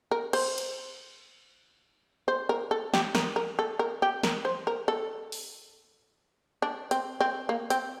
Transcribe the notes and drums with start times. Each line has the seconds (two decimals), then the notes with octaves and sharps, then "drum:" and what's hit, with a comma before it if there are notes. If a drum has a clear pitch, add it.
0.11 A#4
0.33 C5, drum: cymbal
0.58 drum: cymbal
2.28 C5
2.49 A#4
2.71 A4
2.94 G4, drum: snare
3.15 A#4, drum: snare
3.36 A#4
3.59 A4
3.79 A#4
4.02 G4
4.23 A#4, drum: snare
4.45 C5
4.67 A#4
4.88 A4
5.32 drum: open hi-hat
6.62 D4
6.91 C4, drum: hi-hat
7.21 C4
7.49 A#3
7.70 C4, drum: hi-hat